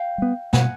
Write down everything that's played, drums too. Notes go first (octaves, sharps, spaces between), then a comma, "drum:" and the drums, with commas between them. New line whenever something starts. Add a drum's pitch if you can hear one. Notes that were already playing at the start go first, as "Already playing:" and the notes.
Already playing: F5 G5
G3 B3
B2 F#5 G#5, drum: snare